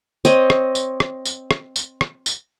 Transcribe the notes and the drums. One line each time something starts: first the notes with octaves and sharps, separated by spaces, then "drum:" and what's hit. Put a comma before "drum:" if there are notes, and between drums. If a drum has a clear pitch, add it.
C4 C5 C#5 D#5, drum: tambourine
drum: rim click
drum: tambourine
drum: rim click
drum: tambourine
drum: rim click
drum: tambourine
drum: rim click
drum: tambourine